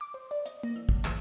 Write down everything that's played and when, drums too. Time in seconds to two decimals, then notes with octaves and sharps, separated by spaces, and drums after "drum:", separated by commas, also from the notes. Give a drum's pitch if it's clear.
0.01 D6
0.14 C5
0.31 D5
0.46 D#5, drum: hi-hat
0.63 A#3
0.76 E3
0.89 C#2, drum: kick
1.05 E3, drum: clap